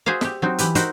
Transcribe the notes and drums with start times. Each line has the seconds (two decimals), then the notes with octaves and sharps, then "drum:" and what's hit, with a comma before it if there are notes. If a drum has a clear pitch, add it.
0.06 F#4 G#4 C5 E5 F5
0.21 G4 E5, drum: snare
0.42 F#3 C4 D#4
0.58 E3 G4 B4, drum: hi-hat
0.75 D#4 F#4 A#4 C5 E5, drum: hi-hat